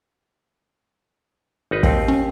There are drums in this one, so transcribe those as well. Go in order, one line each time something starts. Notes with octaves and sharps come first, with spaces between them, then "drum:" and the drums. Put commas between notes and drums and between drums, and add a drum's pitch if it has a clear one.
G#1 D#4 B4
D#2 C4, drum: kick
C#4